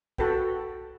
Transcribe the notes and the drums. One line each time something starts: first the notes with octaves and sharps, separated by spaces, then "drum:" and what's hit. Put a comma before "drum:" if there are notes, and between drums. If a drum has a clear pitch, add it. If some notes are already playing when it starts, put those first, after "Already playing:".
F#4 A4 B4 G5, drum: kick